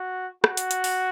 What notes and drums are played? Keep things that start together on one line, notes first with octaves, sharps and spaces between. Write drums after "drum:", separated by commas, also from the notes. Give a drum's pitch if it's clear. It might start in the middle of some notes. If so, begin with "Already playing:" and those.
Already playing: F#4
F#4, drum: rim click
drum: hi-hat
drum: hi-hat
drum: open hi-hat